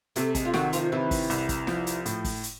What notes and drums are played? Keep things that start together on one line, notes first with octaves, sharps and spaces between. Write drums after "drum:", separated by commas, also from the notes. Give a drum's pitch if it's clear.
C3 A3 A4, drum: hi-hat
G#3 G#4, drum: kick G1, hi-hat
F4
D#3 F#3 F#4, drum: snare
F3 F4, drum: hi-hat
C3 E3 E4
drum: kick G1, open hi-hat
C2, drum: hi-hat
drum: kick G1, hi-hat
F3, drum: snare
drum: hi-hat
A2, drum: hi-hat
drum: kick G1, open hi-hat
drum: hi-hat